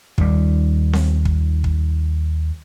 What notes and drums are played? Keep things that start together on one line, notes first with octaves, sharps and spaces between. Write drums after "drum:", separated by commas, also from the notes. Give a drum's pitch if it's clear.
D#2 G3, drum: kick
drum: snare C4
drum: kick
drum: kick